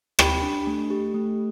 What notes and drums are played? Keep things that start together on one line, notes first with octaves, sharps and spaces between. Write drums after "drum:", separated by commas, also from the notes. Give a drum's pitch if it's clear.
G4 G5 B5, drum: rim click
D4
A3
G4
A3